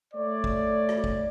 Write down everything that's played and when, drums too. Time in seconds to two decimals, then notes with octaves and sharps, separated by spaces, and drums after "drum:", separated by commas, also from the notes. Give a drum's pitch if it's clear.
0.14 A3 C#5 D5
0.44 drum: kick
0.89 drum: rim click
1.04 drum: kick